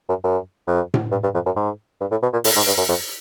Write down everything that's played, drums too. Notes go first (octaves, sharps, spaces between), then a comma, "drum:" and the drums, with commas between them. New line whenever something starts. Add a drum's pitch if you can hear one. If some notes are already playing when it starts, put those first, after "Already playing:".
F#2
F#2
F2
drum: tom A2
G2
G2
F2
F#2
G#2
G2
A2
B2
A#2
A2, drum: open hi-hat
G#2
G2
F#2
F2